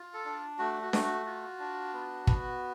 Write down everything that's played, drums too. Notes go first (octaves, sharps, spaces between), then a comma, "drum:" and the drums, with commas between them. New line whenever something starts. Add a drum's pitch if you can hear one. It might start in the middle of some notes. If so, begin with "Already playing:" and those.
Already playing: F4
A4
D4
A3 F#4
F#4
A3, drum: snare D4
F#4
F4 F#4
D4
B3
B3, drum: kick